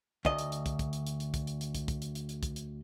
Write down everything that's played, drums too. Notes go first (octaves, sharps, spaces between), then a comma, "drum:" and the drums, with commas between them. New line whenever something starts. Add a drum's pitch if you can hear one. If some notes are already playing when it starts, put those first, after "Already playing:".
D2 D#5, drum: kick
drum: hi-hat
drum: hi-hat
drum: kick, hi-hat
drum: kick, hi-hat
drum: hi-hat
drum: hi-hat
drum: hi-hat
drum: kick, hi-hat
drum: hi-hat
drum: hi-hat
drum: kick, hi-hat
drum: kick, hi-hat
drum: hi-hat
drum: hi-hat
drum: hi-hat
drum: kick, hi-hat
drum: hi-hat